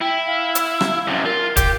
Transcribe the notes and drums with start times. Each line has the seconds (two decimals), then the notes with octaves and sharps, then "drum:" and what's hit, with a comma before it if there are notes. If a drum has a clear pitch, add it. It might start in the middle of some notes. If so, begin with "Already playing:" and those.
0.01 E4 G5
0.27 F5
0.55 drum: hi-hat
0.81 drum: rim click
1.08 F#2 C3
1.25 F4 A#4
1.57 G4, drum: kick, hi-hat